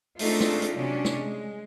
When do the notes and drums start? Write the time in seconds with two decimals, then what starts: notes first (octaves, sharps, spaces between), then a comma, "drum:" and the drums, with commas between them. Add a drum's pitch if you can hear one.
0.19 G#3 A3 C4 D4 D#4 F4, drum: open hi-hat
0.40 drum: snare
0.62 drum: hi-hat
0.76 C3 F#3 C#4 D4
1.05 drum: snare
1.15 G#3